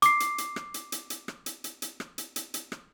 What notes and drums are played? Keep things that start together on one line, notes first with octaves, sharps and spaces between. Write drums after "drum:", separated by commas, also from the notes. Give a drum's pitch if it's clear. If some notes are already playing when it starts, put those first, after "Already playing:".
D6 C7, drum: hi-hat
drum: hi-hat
drum: hi-hat
drum: rim click
drum: hi-hat
drum: hi-hat
drum: hi-hat
drum: rim click
drum: hi-hat
drum: hi-hat
drum: hi-hat
drum: rim click
drum: hi-hat
drum: hi-hat
drum: hi-hat
drum: rim click